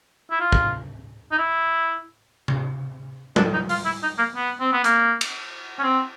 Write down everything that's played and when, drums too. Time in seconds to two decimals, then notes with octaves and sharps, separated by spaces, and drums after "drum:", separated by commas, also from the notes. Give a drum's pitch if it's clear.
0.31 E4
0.40 F4
0.52 drum: kick
1.32 D#4
1.38 E4
2.48 drum: tom C3
3.36 D4, drum: tom G3
3.53 D#4
3.69 F4, drum: open hi-hat
3.85 E4
4.03 D#4
4.18 A#3
4.35 B3
4.60 C4
4.73 B3
4.84 A#3, drum: hi-hat
5.21 drum: cymbal
5.79 C#4
5.83 C4